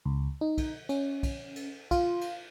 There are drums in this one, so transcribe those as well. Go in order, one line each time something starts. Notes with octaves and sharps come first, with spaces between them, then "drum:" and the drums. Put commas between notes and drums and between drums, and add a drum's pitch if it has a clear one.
C#2
D#4
drum: kick, cymbal
C#4, drum: cymbal
drum: kick, cymbal
drum: cymbal
F4, drum: kick, cymbal
drum: cymbal